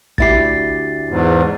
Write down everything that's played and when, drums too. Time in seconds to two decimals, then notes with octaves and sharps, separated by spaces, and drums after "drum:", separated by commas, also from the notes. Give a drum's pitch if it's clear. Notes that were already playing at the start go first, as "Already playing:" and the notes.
0.18 D2 E4 G4 A6 C7, drum: kick
1.09 E2 G#2